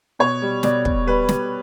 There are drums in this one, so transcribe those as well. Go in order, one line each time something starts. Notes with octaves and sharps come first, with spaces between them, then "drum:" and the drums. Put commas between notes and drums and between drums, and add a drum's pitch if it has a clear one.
B2 C#5
G3
B2 D5, drum: snare
B2, drum: kick
G3 B4
G3, drum: snare